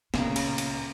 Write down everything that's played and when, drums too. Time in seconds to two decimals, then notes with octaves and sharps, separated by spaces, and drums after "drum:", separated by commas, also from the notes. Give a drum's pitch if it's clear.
0.14 C#2 A#2 C#3 A#5, drum: snare
0.36 drum: cymbal
0.58 drum: cymbal